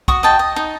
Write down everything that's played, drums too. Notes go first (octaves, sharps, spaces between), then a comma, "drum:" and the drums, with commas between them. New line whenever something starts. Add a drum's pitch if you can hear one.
F#4 C#6 D#6, drum: kick
D#5 G5 A5
D#5
D#4